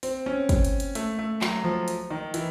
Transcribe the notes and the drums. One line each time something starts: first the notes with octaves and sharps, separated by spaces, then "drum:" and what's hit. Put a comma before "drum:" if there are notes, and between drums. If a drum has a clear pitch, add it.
C4, drum: open hi-hat
C#4
drum: kick, hi-hat
drum: hi-hat
drum: hi-hat
A3, drum: hi-hat
A3
F#3, drum: clap
F3
drum: hi-hat
D#3
E3, drum: hi-hat